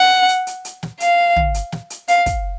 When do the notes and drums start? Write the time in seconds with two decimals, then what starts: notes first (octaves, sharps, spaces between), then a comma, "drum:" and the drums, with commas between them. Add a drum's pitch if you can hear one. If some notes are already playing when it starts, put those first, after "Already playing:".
Already playing: F#5
0.29 drum: hi-hat
0.47 drum: hi-hat
0.65 drum: hi-hat
0.83 drum: snare
1.00 F5, drum: hi-hat
1.36 drum: tom
1.54 drum: hi-hat
1.72 drum: snare
1.90 drum: hi-hat
2.08 F5, drum: hi-hat
2.26 drum: kick, hi-hat